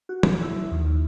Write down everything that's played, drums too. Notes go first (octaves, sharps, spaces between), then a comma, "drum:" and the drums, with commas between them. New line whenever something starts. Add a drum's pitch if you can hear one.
F#4
drum: tom
E4
D#2